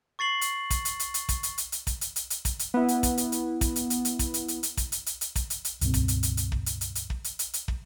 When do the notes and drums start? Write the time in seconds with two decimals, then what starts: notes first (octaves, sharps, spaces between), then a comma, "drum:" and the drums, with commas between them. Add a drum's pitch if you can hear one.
0.19 C#6 A6 C7 F#7
0.41 drum: hi-hat
0.70 drum: kick, hi-hat
0.85 drum: hi-hat
1.00 drum: hi-hat
1.14 drum: hi-hat
1.29 drum: kick, hi-hat
1.43 drum: hi-hat
1.58 drum: hi-hat
1.72 drum: hi-hat
1.87 drum: kick, hi-hat
2.01 drum: hi-hat
2.16 drum: hi-hat
2.30 drum: hi-hat
2.45 drum: kick, hi-hat
2.59 drum: hi-hat
2.74 B3 E4
2.88 drum: hi-hat
3.03 drum: kick, hi-hat
3.18 drum: hi-hat
3.32 drum: hi-hat
3.61 drum: kick, hi-hat
3.76 drum: hi-hat
3.90 drum: hi-hat
4.05 drum: hi-hat
4.19 drum: kick, hi-hat
4.34 drum: hi-hat
4.48 drum: hi-hat
4.63 drum: hi-hat
4.77 drum: kick, hi-hat
4.92 drum: hi-hat
5.06 drum: hi-hat
5.21 drum: hi-hat
5.36 drum: kick, hi-hat
5.50 drum: hi-hat
5.65 drum: hi-hat
5.81 C#2 G2 B2 C4, drum: hi-hat
5.94 drum: kick, hi-hat
6.08 drum: hi-hat
6.23 drum: hi-hat
6.37 drum: hi-hat
6.52 drum: kick
6.66 drum: hi-hat
6.81 drum: hi-hat
6.95 drum: hi-hat
7.10 drum: kick
7.24 drum: hi-hat
7.39 drum: hi-hat
7.54 drum: hi-hat
7.68 drum: kick